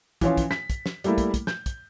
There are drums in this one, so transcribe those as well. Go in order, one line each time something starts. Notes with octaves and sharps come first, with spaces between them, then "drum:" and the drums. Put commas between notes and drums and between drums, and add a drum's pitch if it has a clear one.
E3 F3 C#4 F4 C#5, drum: kick, hi-hat
drum: kick, hi-hat
B6, drum: snare
drum: kick, hi-hat
drum: snare
G3 A3 A#3 E4, drum: hi-hat
drum: kick, hi-hat
drum: kick, hi-hat
G6, drum: snare
drum: kick, hi-hat